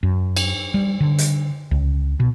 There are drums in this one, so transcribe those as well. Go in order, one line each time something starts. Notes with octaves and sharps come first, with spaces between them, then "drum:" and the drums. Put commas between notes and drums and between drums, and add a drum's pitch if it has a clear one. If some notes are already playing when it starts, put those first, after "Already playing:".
F#2
drum: cymbal
G3
D3
drum: hi-hat
C#2
B2